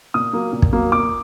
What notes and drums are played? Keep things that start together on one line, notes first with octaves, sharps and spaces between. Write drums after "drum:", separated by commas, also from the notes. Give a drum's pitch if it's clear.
A#2 D#6
F#3 A#3
A#2
drum: kick
F#3 A#3
A#2 D6